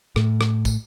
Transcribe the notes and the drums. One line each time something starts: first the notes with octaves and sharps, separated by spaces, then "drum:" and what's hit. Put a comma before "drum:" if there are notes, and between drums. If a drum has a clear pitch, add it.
A2, drum: rim click
drum: rim click
drum: kick, tambourine